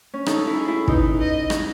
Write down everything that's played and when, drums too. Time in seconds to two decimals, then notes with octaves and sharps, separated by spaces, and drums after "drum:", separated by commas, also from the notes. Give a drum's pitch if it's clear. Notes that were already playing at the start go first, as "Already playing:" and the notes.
0.14 C#4
0.26 D#4 A4, drum: rim click
0.47 E4
0.57 G#4
0.68 E4
0.88 D#4 B4, drum: kick
1.19 D#5
1.50 drum: rim click